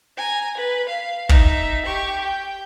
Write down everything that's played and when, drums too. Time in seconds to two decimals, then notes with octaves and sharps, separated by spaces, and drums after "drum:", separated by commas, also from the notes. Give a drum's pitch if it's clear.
0.17 G#5 A#5
0.57 B4
0.89 F5
1.29 D#4 E5, drum: kick
1.86 G4 C#6
2.21 G5